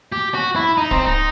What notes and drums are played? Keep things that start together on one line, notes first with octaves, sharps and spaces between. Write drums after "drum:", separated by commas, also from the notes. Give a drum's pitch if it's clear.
G4
F#4
E4
D#4
C4, drum: kick D1
D#4